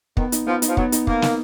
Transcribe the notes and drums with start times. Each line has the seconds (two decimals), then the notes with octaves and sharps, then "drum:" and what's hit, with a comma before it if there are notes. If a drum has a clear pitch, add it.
0.17 D#3 B3, drum: kick
0.32 D#4, drum: hi-hat
0.47 F3 B3
0.62 D#4, drum: hi-hat
0.68 F3
0.77 F#3 B3, drum: kick
0.92 D#4, drum: hi-hat
1.07 A#3 B3, drum: kick
1.22 D#4, drum: snare